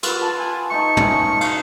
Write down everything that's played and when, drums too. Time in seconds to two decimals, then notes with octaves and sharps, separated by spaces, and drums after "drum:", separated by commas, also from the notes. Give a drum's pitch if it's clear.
0.03 F4 F#4 B4, drum: cymbal
0.22 A5
0.40 G#5
0.71 A3 D#4 C#6
0.97 C#4, drum: tom
1.41 F5, drum: cymbal